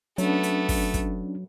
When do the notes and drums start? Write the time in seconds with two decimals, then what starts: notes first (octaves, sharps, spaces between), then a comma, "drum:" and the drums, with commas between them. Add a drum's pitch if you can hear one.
0.18 F#3 A3 B3 C#4 D4, drum: hi-hat
0.43 drum: hi-hat
0.69 drum: kick, open hi-hat
0.94 drum: kick, hi-hat